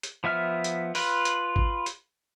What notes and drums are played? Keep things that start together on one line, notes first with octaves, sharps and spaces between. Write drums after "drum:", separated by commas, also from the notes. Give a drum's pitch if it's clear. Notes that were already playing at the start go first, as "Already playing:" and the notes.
drum: hi-hat
F3 B3 E5 F6
drum: hi-hat
F4 B4, drum: open hi-hat
drum: hi-hat
drum: kick G#1
drum: hi-hat